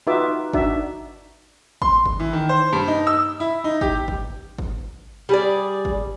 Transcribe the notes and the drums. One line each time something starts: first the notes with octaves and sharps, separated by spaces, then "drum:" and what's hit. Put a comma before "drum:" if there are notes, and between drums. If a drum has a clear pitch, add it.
D#4 F4 F#4 B4 E5 D6
D4 D#4 F#4 D5 E5, drum: kick G1
C6, drum: kick G1
drum: kick G1
E3
D#3
C5
G2
D#4
E6
E4
D#4
G4, drum: kick G1
drum: kick G1
drum: kick G1
G3 G#4 D5
drum: kick G1